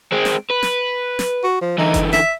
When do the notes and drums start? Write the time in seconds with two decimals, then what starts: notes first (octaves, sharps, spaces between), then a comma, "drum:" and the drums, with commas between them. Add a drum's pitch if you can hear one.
0.12 G#3 C4
0.25 drum: snare
0.51 B4
0.63 drum: snare
1.19 drum: snare
1.44 F#4
1.61 F3
1.78 D3 E3 D#4
1.94 drum: kick F#1, hi-hat
2.13 E5, drum: snare